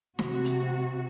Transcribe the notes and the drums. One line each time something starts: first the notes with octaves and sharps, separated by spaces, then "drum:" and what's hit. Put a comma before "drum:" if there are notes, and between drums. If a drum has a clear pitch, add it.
C3 F#4, drum: snare
drum: hi-hat